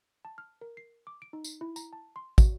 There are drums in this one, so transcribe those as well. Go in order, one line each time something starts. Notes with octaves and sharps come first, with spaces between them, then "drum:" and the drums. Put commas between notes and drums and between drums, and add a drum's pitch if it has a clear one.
A5
F6
A#4
C7
D6
D7
D#4
drum: tambourine
E4
A#5, drum: tambourine
A5
C6
F#4, drum: kick, tambourine